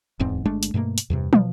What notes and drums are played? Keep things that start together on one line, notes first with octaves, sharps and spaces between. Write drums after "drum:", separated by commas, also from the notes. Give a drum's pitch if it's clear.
D1 E2 G#2 C4
G1 G#3 A3 D4
drum: hi-hat
G2 B2 A3 A#3
drum: hi-hat
E2 G2 C3
B2 F3, drum: tom